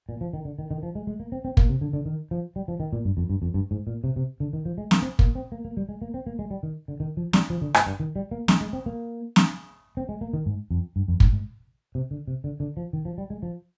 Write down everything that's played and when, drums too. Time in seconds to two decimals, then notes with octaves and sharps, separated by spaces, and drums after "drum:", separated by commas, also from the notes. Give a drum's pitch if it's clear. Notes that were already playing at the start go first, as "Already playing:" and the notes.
0.09 A#2
0.21 F3
0.33 D#3
0.45 D3
0.59 D#3
0.71 D#3
0.83 F3
0.95 G#3
1.07 G#3
1.20 A#3
1.32 C4
1.45 C4
1.57 A#3, drum: kick
1.69 C3
1.81 D3
1.93 D3
2.06 D#3
2.31 F3
2.56 G3
2.68 F3
2.80 D#3
2.93 A#2
3.05 G2
3.17 F2
3.30 G2
3.42 F2
3.54 G2
3.71 G#2
3.87 A#2
4.04 C3
4.16 C3
4.40 D3
4.53 D#3
4.66 F3
4.78 G#3
4.91 A#3, drum: snare
5.02 C4
5.19 A#3, drum: kick
5.35 C4
5.52 A#3
5.65 A#3
5.77 G3
5.89 G#3
6.02 A#3
6.14 C4
6.27 A#3
6.39 G#3
6.51 G3
6.63 D#3
6.88 D3
7.00 D#3
7.17 F3
7.33 G3, drum: snare
7.50 F3
7.62 D3
7.74 G2, drum: rim click
7.86 G2
8.00 D#3
8.16 G3
8.31 A#3
8.48 G#3, drum: snare
8.61 G#3
8.73 C4
8.86 A#3
9.36 drum: snare
9.97 C4
10.09 G#3
10.21 A#3
10.33 D#3
10.46 G#2
10.71 F2
10.96 G2
11.08 F2
11.20 G2, drum: kick
11.33 G#2
11.95 C3
12.11 D3
12.28 C3
12.44 D3
12.60 D3
12.77 F3
12.93 D#3
13.05 F3
13.18 G3
13.30 G#3
13.43 F3